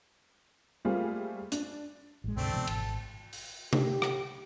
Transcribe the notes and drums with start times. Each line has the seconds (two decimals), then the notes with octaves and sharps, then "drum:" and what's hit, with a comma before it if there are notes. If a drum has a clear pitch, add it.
0.85 G3 A3 A#3 C4 F4 G#4
1.52 D4, drum: hi-hat
2.24 A1 G#3
2.37 D2 G#2 C3 A3 C4 D4
2.52 B2 E3
2.67 G#1 A4, drum: cymbal
3.33 drum: open hi-hat
3.73 G4, drum: tom C3
4.02 drum: rim click